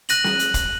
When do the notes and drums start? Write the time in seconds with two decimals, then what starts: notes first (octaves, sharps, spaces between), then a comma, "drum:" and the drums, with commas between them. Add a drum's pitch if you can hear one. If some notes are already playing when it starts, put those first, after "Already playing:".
0.09 F#6 A#6 D#7 F#7, drum: hi-hat
0.24 drum: snare
0.39 drum: hi-hat
0.54 drum: kick, hi-hat